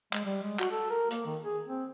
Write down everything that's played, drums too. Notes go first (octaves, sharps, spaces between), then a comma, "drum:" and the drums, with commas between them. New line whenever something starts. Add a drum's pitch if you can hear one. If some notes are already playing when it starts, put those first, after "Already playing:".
G#3, drum: clap
G3
G#3
F#4, drum: clap
A4
A#4
A#3, drum: hi-hat
D#3
G#4
C4